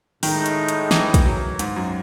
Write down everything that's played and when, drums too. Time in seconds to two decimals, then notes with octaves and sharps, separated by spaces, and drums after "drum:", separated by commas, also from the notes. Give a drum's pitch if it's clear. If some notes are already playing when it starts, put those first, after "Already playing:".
0.23 A2 D#3 G#3 D#4, drum: open hi-hat
0.46 drum: hi-hat
0.68 drum: hi-hat
0.91 E3, drum: snare
1.14 drum: kick, hi-hat
1.25 F#3
1.59 G#2, drum: hi-hat
1.76 F#2